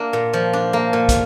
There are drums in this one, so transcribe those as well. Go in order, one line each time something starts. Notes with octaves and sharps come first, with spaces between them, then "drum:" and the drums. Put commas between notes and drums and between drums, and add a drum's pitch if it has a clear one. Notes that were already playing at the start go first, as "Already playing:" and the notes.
Already playing: A#3 D4
A#2
F3
D4
A#3
A#2
drum: kick, hi-hat